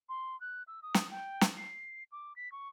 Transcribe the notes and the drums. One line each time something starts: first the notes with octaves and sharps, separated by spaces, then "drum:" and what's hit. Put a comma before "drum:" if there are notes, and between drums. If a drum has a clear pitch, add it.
C6
F#6
E6
D#6
drum: snare
G5
drum: snare
C7
D6
B6
C#6